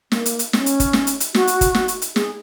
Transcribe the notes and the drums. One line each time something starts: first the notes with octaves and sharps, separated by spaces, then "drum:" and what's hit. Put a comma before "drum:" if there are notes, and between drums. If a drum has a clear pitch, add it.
A#3, drum: snare
drum: hi-hat
drum: hi-hat
C#4, drum: snare
drum: hi-hat
drum: kick, hi-hat
drum: snare
drum: hi-hat
drum: hi-hat
F#4, drum: snare
drum: hi-hat
drum: kick, hi-hat
drum: snare
drum: hi-hat
drum: hi-hat
G#4, drum: snare